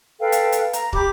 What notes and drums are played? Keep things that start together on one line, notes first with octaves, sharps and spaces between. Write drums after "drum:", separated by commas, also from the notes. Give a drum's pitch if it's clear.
A4 B4 F5 G5
drum: hi-hat
drum: hi-hat
A#5, drum: hi-hat
G4 B5 D6, drum: kick